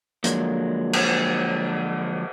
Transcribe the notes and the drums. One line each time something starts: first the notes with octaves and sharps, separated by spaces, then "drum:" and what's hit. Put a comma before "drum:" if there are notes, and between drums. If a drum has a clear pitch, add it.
D3 F3 F#3 G#3 A#3, drum: hi-hat
drum: cymbal